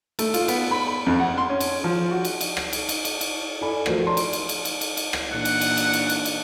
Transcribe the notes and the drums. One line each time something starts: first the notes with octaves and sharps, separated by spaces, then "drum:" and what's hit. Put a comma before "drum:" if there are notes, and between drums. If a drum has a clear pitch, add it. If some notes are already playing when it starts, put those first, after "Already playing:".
A3, drum: cymbal
F4, drum: cymbal
B3, drum: cymbal
B5
B5
F2
F#5
C6
C#4
drum: cymbal
F3
F#4
drum: cymbal
drum: cymbal
drum: rim click
drum: cymbal
drum: cymbal
drum: cymbal
drum: cymbal
E4 A4 D5 G#5 B5
E3 F3 A3 F#4 A#4 C5, drum: rim click
C#5 D5 A5 A#5 C6
drum: cymbal
drum: cymbal
drum: cymbal
drum: cymbal
drum: cymbal
drum: cymbal
drum: rim click
A#2 E3 D4 F#5
drum: cymbal
drum: cymbal
drum: cymbal
drum: cymbal
drum: cymbal
drum: cymbal